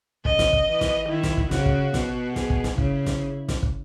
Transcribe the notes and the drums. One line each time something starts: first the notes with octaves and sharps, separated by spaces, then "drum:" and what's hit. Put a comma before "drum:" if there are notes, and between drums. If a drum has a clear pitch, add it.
C#3 D#5, drum: kick
drum: snare
drum: kick
E3
drum: snare
D#3 E4
drum: snare
drum: kick
C#3 F#4, drum: snare
drum: kick
B2, drum: snare
G#4, drum: snare
drum: kick
drum: snare
C#3 E4, drum: kick
drum: snare
drum: snare
drum: kick